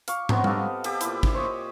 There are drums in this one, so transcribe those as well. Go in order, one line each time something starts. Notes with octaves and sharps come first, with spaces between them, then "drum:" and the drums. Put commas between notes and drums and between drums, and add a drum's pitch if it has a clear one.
F5 C#6 D6, drum: hi-hat
F#3 B3 C4 F#4, drum: tom
G4 A4 D#5 F5, drum: tom G3
G4 A4, drum: cymbal
A#2 E4, drum: hi-hat
drum: kick G#1
C5 C#5 D#5 E5